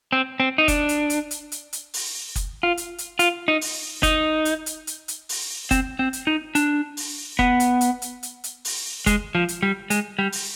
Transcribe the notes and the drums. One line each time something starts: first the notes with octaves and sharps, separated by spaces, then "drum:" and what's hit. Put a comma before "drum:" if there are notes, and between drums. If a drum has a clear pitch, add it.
C4
C4
D#4
D4, drum: kick F#1, hi-hat
drum: hi-hat
drum: hi-hat
drum: hi-hat
drum: hi-hat
drum: hi-hat
drum: open hi-hat
drum: kick F#1, hi-hat
F4
drum: hi-hat
drum: hi-hat
F4, drum: hi-hat
D#4
drum: open hi-hat
D#4, drum: kick F#1, hi-hat
drum: hi-hat
drum: hi-hat
drum: hi-hat
drum: hi-hat
drum: open hi-hat
C4, drum: kick F#1, hi-hat
C4
drum: hi-hat
D#4
D4, drum: hi-hat
drum: open hi-hat
B3, drum: kick F#1
drum: hi-hat
drum: hi-hat
drum: hi-hat
drum: hi-hat
drum: hi-hat
drum: open hi-hat
G#3, drum: kick F#1, hi-hat
F3
drum: hi-hat
G3
G#3, drum: hi-hat
G3
drum: open hi-hat